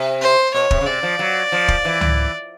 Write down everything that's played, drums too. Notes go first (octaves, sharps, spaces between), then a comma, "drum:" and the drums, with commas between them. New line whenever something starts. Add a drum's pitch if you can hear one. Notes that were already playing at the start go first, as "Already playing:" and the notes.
Already playing: C3
C5
B2 C#5
C3, drum: kick
C#3
C3 D5
F3
F#3
F3
drum: kick
E3
drum: tom C#2